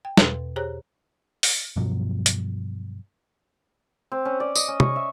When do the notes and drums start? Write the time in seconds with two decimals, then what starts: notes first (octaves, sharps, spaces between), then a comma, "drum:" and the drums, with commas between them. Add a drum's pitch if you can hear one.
0.05 G5
0.17 E2 B2 B4, drum: snare
0.56 G4 G#4 C5 C#5 A#5 F#6
1.43 drum: open hi-hat
1.76 G2 B2 F3 F#3
2.26 drum: hi-hat
4.12 C4
4.25 C#4
4.40 D5
4.55 D#5, drum: tambourine
4.68 C#4
4.80 C#6, drum: tom
4.96 E5